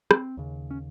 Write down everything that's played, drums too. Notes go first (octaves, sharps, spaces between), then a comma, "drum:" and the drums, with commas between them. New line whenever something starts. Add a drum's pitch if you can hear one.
C4, drum: rim click
D#2 C#3
C#4